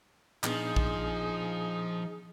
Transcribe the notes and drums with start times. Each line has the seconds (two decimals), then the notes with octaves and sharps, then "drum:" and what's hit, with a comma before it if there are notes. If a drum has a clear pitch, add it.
0.44 A#2 F3 B3 D4 D#4 G#4, drum: clap
0.76 drum: kick